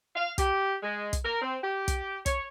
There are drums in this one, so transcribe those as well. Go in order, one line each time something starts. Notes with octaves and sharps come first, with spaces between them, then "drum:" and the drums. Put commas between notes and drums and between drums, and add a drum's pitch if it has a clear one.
F5
G4, drum: kick, hi-hat
G#3
drum: kick, hi-hat
A#4
C4
G4
drum: kick, hi-hat
C#5, drum: kick, hi-hat